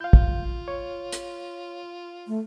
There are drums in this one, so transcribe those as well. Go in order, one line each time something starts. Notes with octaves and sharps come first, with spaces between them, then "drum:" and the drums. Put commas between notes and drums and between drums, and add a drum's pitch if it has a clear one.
F4 F5 G6
drum: kick
C#5
drum: hi-hat
A3